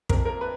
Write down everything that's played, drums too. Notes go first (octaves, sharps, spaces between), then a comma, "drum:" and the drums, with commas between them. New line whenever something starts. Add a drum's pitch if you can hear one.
F2 A#4, drum: kick
A#4
B4